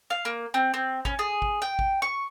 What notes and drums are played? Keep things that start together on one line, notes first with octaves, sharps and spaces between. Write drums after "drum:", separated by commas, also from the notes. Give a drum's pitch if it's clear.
F5
A#3
C4
C4
C#4, drum: kick G#1
G#4
drum: kick G#1
G5
drum: kick G#1
C#6